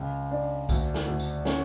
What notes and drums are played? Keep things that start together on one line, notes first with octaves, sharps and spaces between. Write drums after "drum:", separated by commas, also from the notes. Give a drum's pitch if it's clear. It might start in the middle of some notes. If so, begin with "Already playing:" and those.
Already playing: C#2
D4
D2, drum: kick B1, tambourine
drum: snare
D2
drum: tambourine
C#4, drum: snare